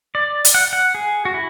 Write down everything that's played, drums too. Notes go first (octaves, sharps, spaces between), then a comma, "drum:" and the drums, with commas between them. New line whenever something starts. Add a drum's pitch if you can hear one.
D5
drum: hi-hat
F#5
F#5
G#4
F#4
E4